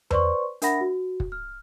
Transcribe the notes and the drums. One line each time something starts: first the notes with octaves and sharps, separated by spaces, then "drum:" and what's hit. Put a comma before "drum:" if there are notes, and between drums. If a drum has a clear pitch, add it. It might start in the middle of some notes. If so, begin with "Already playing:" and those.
B4 C5 D5 C6 C#6, drum: tom E2
D4 A#4 E5 F#5 B5 A#6, drum: hi-hat
F#4
drum: kick
F6